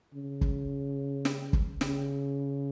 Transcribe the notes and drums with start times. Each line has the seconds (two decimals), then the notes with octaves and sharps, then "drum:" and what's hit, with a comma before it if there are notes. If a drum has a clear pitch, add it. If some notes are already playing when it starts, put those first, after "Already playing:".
0.13 C#3
0.41 drum: kick
1.25 drum: snare
1.53 drum: kick
1.81 C#3, drum: snare